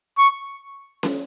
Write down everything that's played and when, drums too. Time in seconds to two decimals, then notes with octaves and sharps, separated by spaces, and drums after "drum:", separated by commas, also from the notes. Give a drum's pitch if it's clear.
0.18 C#6
1.03 drum: snare C#4